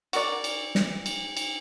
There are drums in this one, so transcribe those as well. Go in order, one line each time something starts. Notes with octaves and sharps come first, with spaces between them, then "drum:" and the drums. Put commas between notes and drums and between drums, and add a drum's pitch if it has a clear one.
F#4 A#4 D5, drum: cymbal
drum: cymbal
drum: snare
drum: cymbal
drum: cymbal